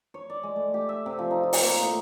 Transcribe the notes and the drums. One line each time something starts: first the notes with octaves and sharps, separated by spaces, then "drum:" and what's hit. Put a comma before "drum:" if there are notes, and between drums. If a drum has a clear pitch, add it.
C#5
D5
G#3
A3
G4
E5
C3
F3
D#4
F4
drum: open hi-hat
A#3
A2